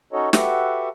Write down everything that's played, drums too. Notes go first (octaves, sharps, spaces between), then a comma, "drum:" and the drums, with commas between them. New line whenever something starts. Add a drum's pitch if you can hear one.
C#4 D#4 F#4 A4 C#5 D#5
F#4 G4 A4 B4 E5 F#5, drum: snare